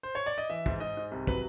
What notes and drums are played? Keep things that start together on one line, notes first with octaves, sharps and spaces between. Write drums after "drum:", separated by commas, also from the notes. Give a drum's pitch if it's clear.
C5
C#5
D5
D#5
E3 E5
G#2, drum: kick
G#2 D#5
G#2
C2
F#3 B4, drum: kick